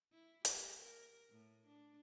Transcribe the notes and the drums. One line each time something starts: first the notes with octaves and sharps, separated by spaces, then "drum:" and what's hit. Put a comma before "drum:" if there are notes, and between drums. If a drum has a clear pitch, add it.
E4
G4, drum: hi-hat
A#4
A2
D4